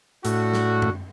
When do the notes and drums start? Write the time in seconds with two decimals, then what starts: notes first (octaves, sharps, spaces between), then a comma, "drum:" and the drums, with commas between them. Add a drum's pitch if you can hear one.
0.25 A2 D4 F#4, drum: hi-hat
0.53 drum: snare
0.82 drum: tom F#2